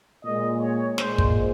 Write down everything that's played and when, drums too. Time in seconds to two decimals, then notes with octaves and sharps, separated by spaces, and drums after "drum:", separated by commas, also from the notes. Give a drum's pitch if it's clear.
0.24 A#2 G#3 D#5
0.60 C#5
0.98 A#2 G#3 C5, drum: snare
1.18 drum: kick